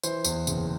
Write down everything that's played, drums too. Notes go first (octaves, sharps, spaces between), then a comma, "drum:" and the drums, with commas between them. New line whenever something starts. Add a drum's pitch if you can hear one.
E3 C5, drum: tambourine
E2, drum: tambourine
F#1, drum: tambourine